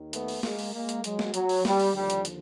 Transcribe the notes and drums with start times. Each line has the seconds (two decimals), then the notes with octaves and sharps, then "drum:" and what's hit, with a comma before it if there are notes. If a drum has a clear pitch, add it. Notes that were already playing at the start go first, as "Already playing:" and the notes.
Already playing: D#2 D#3
0.13 A3 B3, drum: hi-hat
0.28 drum: open hi-hat
0.43 G#3 A#3, drum: snare
0.59 drum: open hi-hat
0.73 G#3 A#3
0.89 drum: hi-hat
1.04 F#3 G#3, drum: hi-hat
1.19 drum: snare
1.34 F#3, drum: hi-hat
1.49 drum: open hi-hat
1.65 G3, drum: snare
1.79 drum: open hi-hat
1.95 D#2 D3 F3 G3
2.10 drum: hi-hat
2.25 drum: hi-hat